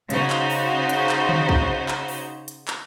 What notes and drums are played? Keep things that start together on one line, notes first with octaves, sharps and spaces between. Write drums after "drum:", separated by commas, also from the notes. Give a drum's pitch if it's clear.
C#3 D#4 F#4 C5, drum: hi-hat
drum: clap
drum: open hi-hat
drum: hi-hat
drum: clap
drum: tom D3
drum: kick
drum: clap
drum: open hi-hat
drum: hi-hat
drum: clap